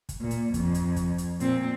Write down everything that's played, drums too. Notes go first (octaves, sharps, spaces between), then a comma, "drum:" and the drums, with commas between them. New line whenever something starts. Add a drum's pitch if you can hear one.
drum: kick, hi-hat
A#2
drum: hi-hat
F2, drum: kick, hi-hat
drum: hi-hat
drum: kick, hi-hat
drum: hi-hat
A#2 C4, drum: hi-hat